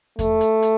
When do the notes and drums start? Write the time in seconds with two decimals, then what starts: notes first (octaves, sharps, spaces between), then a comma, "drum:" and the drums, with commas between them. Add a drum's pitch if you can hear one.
0.19 A3, drum: kick E2, hi-hat
0.41 drum: hi-hat
0.63 drum: hi-hat